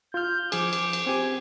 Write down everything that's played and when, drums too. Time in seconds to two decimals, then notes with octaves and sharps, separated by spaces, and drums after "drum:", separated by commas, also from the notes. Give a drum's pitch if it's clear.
0.14 F4 F6 G6
0.52 F3 G#4 D6, drum: cymbal
0.73 drum: cymbal
0.93 drum: cymbal
1.07 C4 G4 G#5